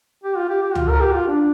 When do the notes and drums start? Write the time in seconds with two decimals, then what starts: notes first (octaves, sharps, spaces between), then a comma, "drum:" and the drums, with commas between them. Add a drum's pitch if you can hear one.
0.24 G4
0.37 F4
0.49 G4
0.63 G4
0.75 F4, drum: tom C#2
0.89 A#4
1.01 G4
1.14 F4
1.28 D4